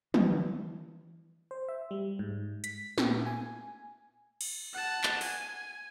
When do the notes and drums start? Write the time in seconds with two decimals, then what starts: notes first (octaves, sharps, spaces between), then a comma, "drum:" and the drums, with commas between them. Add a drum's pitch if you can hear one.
0.14 E3, drum: tom
1.51 C5
1.69 E5
1.91 G3
2.19 G#2
2.64 B6, drum: hi-hat
2.98 A#2, drum: snare
3.26 G#5
4.41 drum: cymbal
4.73 F#5 A5
5.03 drum: clap
5.21 G#5, drum: open hi-hat